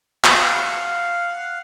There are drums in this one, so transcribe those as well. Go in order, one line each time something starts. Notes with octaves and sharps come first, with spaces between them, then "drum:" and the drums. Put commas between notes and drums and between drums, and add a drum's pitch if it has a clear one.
F5 F#5, drum: clap